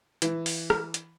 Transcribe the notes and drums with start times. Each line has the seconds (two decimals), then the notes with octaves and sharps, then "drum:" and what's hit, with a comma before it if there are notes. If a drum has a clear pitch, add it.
0.22 E3, drum: hi-hat
0.46 drum: open hi-hat
0.70 drum: rim click
0.94 drum: hi-hat